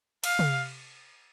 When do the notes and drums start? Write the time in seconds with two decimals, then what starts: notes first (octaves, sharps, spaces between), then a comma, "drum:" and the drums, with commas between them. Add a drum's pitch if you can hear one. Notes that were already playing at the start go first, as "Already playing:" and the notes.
0.24 F5, drum: cymbal
0.39 drum: tom